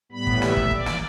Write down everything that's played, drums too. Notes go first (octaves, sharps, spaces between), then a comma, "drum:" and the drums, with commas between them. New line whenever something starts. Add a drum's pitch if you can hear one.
A2 G3 B3 B5
drum: kick
E5, drum: snare
drum: kick
D5, drum: kick
drum: snare